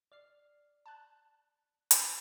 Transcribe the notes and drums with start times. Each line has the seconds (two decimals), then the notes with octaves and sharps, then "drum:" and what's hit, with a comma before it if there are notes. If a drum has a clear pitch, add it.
0.12 D5 F6 C7
0.86 A5 F#6
1.91 drum: hi-hat